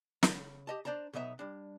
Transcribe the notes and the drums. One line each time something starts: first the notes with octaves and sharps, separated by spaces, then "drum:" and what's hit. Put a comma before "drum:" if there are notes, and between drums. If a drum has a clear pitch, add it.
C#3, drum: snare
G4 D#5 A5
D4 C5 D5 A5 A#5
B1 B2 B3 D#5 E5 A#5
G3 D4